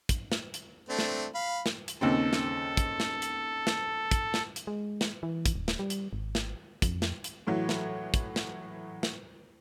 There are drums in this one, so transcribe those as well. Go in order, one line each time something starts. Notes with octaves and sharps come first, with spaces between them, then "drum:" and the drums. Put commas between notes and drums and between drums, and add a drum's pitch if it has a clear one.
drum: kick, hi-hat
drum: snare
drum: hi-hat
A3 C4 D4
drum: snare
F5 B5
drum: snare
drum: hi-hat
D#2 C#3 C4 A4
drum: snare
drum: kick, hi-hat
drum: snare
drum: hi-hat
drum: snare
drum: kick, hi-hat
drum: snare
drum: hi-hat
G#3
drum: snare
E3
drum: kick, hi-hat
D#1
drum: snare
G3
drum: hi-hat
G#1
drum: snare
F2, drum: kick, hi-hat
drum: snare
drum: hi-hat
A2 E3 F#3
drum: snare
drum: kick, hi-hat
drum: snare
drum: snare